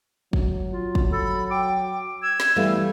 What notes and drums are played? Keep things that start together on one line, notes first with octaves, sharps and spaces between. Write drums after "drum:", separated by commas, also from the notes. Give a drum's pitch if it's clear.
F#3, drum: kick
F4
drum: kick
A4 B5
G5 D6
E6 G#6
drum: snare
E3 G3 A3 B3 F5